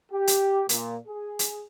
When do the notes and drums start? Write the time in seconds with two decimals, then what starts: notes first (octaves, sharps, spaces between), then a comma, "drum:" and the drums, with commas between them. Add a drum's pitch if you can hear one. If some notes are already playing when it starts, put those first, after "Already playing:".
0.12 G4
0.27 drum: hi-hat
0.69 A#2, drum: hi-hat
1.07 G#4
1.39 drum: hi-hat